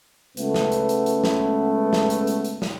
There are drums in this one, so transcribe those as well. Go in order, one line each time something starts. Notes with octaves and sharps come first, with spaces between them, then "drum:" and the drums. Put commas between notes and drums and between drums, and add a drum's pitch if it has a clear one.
C#2 A3 B3, drum: hi-hat
drum: snare
drum: hi-hat
drum: hi-hat
drum: hi-hat
drum: snare
drum: snare
drum: hi-hat
drum: hi-hat
drum: hi-hat
drum: snare